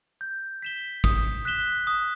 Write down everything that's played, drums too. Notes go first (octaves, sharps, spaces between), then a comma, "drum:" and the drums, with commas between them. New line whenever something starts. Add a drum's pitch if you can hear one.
G6
B6 E7 G7
D#6, drum: kick
F#6 B6 E7 G7
D#6